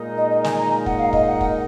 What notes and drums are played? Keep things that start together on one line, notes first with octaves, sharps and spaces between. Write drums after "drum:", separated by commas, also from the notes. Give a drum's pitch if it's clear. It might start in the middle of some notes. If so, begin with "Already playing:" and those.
Already playing: A#2 G#3 D#4 A#4
D#5
D#5
G#5, drum: snare
A#5
F#5, drum: kick
F5
D#5, drum: kick
F#5
drum: kick